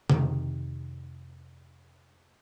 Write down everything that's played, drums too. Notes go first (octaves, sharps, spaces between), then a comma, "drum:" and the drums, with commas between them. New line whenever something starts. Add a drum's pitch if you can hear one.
F2 C3 D#3, drum: tom C#3